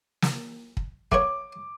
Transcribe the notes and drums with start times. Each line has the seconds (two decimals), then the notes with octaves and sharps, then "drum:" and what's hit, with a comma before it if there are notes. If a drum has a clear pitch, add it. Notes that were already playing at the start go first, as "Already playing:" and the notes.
0.22 drum: snare
0.77 drum: kick
1.12 A3 B3 C#5 D6, drum: kick